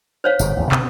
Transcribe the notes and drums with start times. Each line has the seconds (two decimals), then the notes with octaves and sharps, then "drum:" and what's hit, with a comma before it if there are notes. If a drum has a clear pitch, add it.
0.24 C5 C#5 F5
0.39 G1 G#2 B2, drum: tambourine
0.56 A1 D#2
0.72 B2 B3 C#4, drum: clap